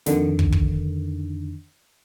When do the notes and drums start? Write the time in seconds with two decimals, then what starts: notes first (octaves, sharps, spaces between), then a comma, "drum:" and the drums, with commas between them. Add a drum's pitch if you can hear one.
0.06 F2 D3 D#3, drum: snare
0.39 drum: kick
0.52 drum: kick